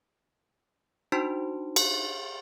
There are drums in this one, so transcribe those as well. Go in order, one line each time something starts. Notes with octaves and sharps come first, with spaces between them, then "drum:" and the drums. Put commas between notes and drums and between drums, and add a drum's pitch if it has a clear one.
D4 D#4 F#4 C5 A5 C6
drum: cymbal